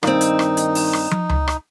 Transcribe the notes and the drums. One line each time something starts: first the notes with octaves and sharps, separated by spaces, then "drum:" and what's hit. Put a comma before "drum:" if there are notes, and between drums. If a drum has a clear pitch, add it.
G2 D#3 C4 D#4, drum: rim click
drum: hi-hat
drum: rim click
drum: hi-hat
drum: open hi-hat
drum: rim click
drum: tom
drum: tom C#2
drum: rim click